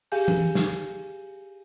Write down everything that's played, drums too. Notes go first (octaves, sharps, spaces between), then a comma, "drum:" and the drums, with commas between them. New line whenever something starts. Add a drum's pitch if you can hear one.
G4 G#4 F5 G#5 G6, drum: open hi-hat
drum: tom
drum: snare